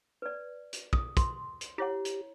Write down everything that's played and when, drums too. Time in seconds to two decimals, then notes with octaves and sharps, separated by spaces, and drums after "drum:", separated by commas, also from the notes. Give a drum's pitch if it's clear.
0.22 B4 D5
0.73 drum: hi-hat
0.93 D#6, drum: kick
1.17 C6, drum: kick, hi-hat
1.61 drum: hi-hat
1.78 E4 G4 C#5 F#5
2.05 drum: hi-hat